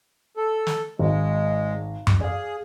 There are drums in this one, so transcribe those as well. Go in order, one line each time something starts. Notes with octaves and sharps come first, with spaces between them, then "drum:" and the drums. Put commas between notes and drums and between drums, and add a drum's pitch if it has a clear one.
A4
drum: snare
G#1 G#3
drum: tom F#2
G#4 D5 F5